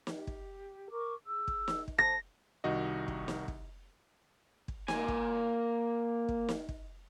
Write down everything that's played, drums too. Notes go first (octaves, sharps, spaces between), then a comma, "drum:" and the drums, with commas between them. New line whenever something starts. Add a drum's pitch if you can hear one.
G4, drum: snare
drum: kick
A#4 C#6 D6
G#4 E6
drum: kick
drum: snare
drum: kick
C5 A5 A#6
C2 D#3 D#4 F#4 D#5
drum: kick
drum: snare
drum: kick
drum: kick
A#3 G#5, drum: snare
drum: kick
drum: kick
drum: snare
drum: kick